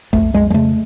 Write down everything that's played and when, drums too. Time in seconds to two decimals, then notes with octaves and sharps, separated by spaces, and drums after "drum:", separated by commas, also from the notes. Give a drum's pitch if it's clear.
0.13 F2 A3, drum: tom B1
0.34 F2 G#3
0.50 G#3
0.54 C#3 A3